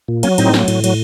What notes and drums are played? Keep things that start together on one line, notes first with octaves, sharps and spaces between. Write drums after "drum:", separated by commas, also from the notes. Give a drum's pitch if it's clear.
A#2
F#3 A#3 C#4, drum: cymbal
A2 C4 D#4, drum: cymbal
F#3, drum: snare
A2, drum: cymbal
F#3, drum: cymbal